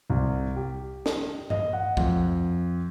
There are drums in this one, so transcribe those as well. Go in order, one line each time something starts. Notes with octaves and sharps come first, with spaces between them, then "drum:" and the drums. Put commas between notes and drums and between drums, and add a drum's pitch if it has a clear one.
C2
G4
drum: snare
D#5, drum: tom G2
F#5
F2, drum: kick